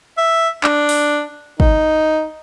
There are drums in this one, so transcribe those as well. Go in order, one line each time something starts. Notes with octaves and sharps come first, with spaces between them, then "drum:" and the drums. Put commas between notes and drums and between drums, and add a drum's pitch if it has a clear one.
E5
D4, drum: clap
drum: open hi-hat
D#4, drum: kick